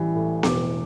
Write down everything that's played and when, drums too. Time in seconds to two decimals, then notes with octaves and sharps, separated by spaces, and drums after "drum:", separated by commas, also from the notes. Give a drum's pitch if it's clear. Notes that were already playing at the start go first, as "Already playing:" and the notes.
Already playing: A1 E3 G3
0.15 A2
0.43 E1 D6, drum: snare B3